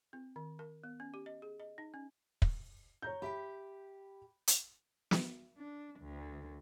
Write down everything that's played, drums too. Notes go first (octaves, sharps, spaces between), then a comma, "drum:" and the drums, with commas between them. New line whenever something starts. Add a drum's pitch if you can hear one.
C4
D#3
A#4
B3
C#4
G4
D#5
G#4
D#5
D#4
C#4
drum: kick
C#5 A#5 G6
G4 E5 G5 B5
drum: hi-hat
drum: snare
D4
D2